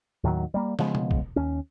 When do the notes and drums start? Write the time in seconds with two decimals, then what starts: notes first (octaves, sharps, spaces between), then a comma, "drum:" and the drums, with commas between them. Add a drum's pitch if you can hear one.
0.24 D#2 A2 D#3 F#3
0.54 G3 A#3
0.79 C#3 F3 G#3 B3, drum: snare
0.95 drum: tom B2
1.11 drum: kick
1.36 D#2 C#4